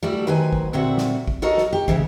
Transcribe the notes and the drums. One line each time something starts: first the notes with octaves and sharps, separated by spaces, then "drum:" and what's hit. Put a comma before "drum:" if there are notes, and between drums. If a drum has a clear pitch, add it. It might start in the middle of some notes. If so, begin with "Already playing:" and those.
G3 A3 E4 F#4
D#3 F#3 B4 C5 G#5
drum: kick
A#2 D3 C4 F#4 E5 F#5
drum: snare
drum: kick
F#4 A4 A#4 C#5 D#5 F5
drum: snare
G4
D2 G#2 C#3 E3, drum: kick